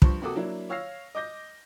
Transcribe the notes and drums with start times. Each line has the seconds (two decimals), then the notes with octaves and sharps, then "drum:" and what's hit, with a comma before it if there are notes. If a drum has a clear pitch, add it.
0.02 G2 F3 C5 C#6, drum: kick
0.22 C3 A#3 F#4 A4 D6 D#6
0.36 F#3 A#3 D4 E4
0.69 C#5 F5 E6 F6 A#6 C7
1.15 D#5 D6 G6 A#6